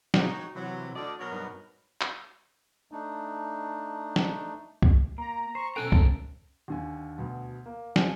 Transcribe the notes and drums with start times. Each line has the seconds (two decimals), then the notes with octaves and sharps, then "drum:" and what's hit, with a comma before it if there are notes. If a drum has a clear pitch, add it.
0.14 B2 G3 D#4 F#4 G#4, drum: snare
0.31 C#5 G5
0.55 C3 E3 F#3
0.95 D2 D3 D4 D5 D#5
1.19 B2 F#3 A#4 C#5
1.32 G2 B3 D#4
2.01 drum: clap
2.92 A3 D4 D#4
4.16 drum: snare
4.82 drum: kick C2
5.18 A#3 A#5
5.55 C5 C#6
5.76 B2 C#4 A4 G5 G#5 A#5 F#6 D7
5.92 A#4, drum: kick C2
6.68 D#2 D3 G#5
7.18 D2 B2
7.66 A#3
7.96 G#5 A5 F6, drum: snare